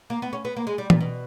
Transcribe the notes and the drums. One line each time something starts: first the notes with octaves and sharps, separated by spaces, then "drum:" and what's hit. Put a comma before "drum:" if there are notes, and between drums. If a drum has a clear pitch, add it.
A#3
B3
C#4
B3
A#3
G#3
G3
A#2, drum: tom E3
B2